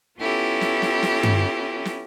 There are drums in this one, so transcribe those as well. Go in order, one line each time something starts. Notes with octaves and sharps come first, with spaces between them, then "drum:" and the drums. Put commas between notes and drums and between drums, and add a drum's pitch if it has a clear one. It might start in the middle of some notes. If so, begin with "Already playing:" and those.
B3 C#4 E4 F4 G4 A4
drum: snare
drum: snare
drum: snare
drum: tom G2
drum: snare